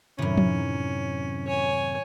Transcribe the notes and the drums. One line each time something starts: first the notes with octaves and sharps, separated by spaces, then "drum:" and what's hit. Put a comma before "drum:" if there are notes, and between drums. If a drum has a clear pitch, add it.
F#2 A2 C3 D#3 B3 C#4
drum: tom F3
C#5 G#5